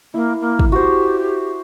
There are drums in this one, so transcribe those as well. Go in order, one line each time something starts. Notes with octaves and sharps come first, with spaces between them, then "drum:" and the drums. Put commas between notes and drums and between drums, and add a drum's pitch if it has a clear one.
A#3 E4
A#3
drum: kick
F#4 G4 C5